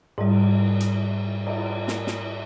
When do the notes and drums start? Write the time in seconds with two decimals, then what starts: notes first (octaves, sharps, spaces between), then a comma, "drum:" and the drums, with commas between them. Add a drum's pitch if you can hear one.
0.18 G#2 G3, drum: cymbal
0.80 drum: hi-hat
1.47 drum: cymbal
1.88 drum: snare
2.07 drum: snare